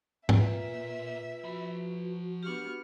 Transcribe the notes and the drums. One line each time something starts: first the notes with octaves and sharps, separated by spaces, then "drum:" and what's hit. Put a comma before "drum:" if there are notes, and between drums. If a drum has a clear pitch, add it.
A#2 F4 B4 E5, drum: tom G#2
F3 F#4 B5
B3 D4 G4 C#6 F6